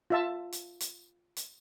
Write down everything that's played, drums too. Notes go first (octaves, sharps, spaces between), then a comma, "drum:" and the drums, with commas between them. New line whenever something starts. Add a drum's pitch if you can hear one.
F4 E5 A5
drum: hi-hat
drum: hi-hat
drum: hi-hat